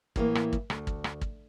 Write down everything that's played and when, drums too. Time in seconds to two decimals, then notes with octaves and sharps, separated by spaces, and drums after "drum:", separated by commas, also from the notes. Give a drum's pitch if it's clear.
0.16 A2 E3 A#3, drum: kick
0.35 drum: rim click
0.53 drum: kick
0.70 D2, drum: rim click
0.87 drum: kick
1.04 drum: rim click
1.21 drum: kick